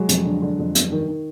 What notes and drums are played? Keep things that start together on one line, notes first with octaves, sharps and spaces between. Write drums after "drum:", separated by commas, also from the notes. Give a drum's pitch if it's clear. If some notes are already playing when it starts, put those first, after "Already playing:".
Already playing: F#3 G#3
F2, drum: hi-hat
D3
D3
F2
G2, drum: hi-hat
D#3
D#3